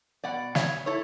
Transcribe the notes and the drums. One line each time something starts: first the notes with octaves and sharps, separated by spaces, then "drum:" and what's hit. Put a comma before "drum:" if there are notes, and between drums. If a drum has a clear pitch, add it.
B2 D5 F#5
C#3 C#5 E5, drum: snare
E4 A4 C#5